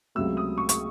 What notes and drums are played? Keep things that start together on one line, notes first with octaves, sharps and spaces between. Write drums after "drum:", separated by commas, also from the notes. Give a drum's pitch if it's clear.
C#2 C3 F#3 A3 E6
D#6
C#6
C#6, drum: hi-hat